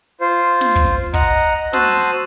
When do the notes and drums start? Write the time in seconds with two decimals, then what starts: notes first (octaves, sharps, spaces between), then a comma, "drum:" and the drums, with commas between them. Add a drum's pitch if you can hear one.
0.20 F4 C5
0.61 drum: snare
0.75 drum: kick
1.14 D#5 F#5 A#5, drum: kick
1.73 F#4 C5 A5 D#6 E6 F#6, drum: snare